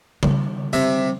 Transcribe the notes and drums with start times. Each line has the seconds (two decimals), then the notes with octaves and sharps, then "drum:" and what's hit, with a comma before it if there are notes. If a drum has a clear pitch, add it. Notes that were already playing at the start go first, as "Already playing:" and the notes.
0.23 D#3 G3, drum: tom C#3
0.73 C3 E5, drum: hi-hat